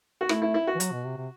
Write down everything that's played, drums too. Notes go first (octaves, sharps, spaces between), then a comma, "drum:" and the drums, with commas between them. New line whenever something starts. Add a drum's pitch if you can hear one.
F#4
A3 E4, drum: rim click
E4
E4
F#4
E3
F#3, drum: hi-hat
B2
C3
C3